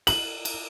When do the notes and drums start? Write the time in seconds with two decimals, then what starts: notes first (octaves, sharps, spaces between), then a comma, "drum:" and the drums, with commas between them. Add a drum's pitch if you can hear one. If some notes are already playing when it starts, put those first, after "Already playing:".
0.07 F#7, drum: cymbal
0.45 drum: cymbal